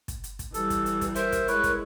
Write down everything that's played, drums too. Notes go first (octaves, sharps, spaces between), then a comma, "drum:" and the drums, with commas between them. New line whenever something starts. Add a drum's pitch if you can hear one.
drum: kick, hi-hat
drum: hi-hat
drum: kick, hi-hat
E3 G3 A4, drum: hi-hat
drum: kick, hi-hat
drum: hi-hat
drum: kick, hi-hat
A#4 C5 E5, drum: hi-hat
drum: kick, hi-hat
G#3 E4 B4 C#5, drum: hi-hat
drum: kick, hi-hat